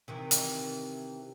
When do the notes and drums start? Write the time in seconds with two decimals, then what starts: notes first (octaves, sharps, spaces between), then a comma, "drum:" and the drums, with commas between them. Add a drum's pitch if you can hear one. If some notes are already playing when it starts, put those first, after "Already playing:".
0.08 C3 D#3 E3
0.31 drum: hi-hat